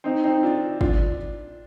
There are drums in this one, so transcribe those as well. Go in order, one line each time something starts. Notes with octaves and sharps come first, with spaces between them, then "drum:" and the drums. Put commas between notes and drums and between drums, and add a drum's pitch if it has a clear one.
C4 D#4
C4 D#4
D4 F4
D4 F4, drum: kick